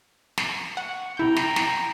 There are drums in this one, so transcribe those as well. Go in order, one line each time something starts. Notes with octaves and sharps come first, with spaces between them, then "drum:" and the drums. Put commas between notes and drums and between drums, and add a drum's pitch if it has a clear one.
drum: snare
F#5 C#6
C3 E4 G5 A#5 G6
drum: snare
drum: snare